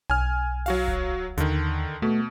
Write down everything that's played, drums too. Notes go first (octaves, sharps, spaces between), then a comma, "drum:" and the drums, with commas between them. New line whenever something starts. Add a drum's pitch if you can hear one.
B1 G#5 F6
F#3 F#4 F5, drum: open hi-hat
drum: kick D1
D#2 D3 D#3, drum: hi-hat
B2 A3